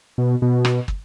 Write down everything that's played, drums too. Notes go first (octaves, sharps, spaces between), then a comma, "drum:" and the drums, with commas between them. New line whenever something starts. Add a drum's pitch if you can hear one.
B2
B2
drum: rim click
drum: kick